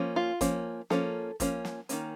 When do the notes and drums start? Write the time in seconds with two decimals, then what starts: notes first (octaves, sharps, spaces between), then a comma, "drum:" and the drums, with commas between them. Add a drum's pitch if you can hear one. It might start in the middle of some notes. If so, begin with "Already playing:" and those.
Already playing: F3 A#3 C#4
0.16 F4
0.41 F3 A#3 C#4, drum: kick, hi-hat
0.90 F3 A#3 C#4 A4, drum: snare
1.40 F3 A#3 C#4, drum: kick, hi-hat
1.65 drum: snare
1.89 D#3 A#3 C#4, drum: hi-hat